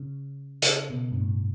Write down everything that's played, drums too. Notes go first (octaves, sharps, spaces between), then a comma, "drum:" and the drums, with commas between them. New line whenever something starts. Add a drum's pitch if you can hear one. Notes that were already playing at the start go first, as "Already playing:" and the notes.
Already playing: C#3
C#3, drum: hi-hat
B2
G2
A2